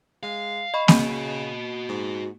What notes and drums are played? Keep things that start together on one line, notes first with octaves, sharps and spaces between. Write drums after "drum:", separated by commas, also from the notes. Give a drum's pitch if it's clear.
G#3 F5
D#5 B5 C#6
C#3 A#3 F#4 D#5, drum: snare A#3
G#2